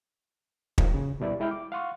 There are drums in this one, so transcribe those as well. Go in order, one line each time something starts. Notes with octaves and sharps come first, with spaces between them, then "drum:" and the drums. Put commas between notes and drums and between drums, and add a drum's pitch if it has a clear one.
F3 F#3 A#3 D#4 G4, drum: kick
C#3
D2 B2 G3 E4 D5
G#3 E4 G5 F6 G6
D6
F5 F#5 C6 C#6